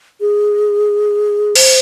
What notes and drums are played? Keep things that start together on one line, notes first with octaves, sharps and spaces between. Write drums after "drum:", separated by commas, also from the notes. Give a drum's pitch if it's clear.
G#4
C5, drum: cymbal